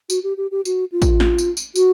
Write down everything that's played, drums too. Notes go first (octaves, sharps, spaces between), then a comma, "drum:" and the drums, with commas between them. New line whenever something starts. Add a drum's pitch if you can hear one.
F#4, drum: tambourine
G4
G4
G4
F#4, drum: tambourine
F4
drum: kick, tambourine
drum: snare
drum: tambourine
drum: tambourine
F#4, drum: tambourine